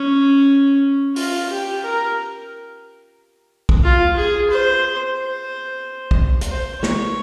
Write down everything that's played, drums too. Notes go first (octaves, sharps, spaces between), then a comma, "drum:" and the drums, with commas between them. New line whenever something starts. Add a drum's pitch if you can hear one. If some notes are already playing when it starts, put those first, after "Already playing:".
Already playing: C#4
F4, drum: open hi-hat
G4
A#4
drum: kick
F4
G#4
C5
C5
drum: kick
drum: hi-hat
C5
C#5, drum: snare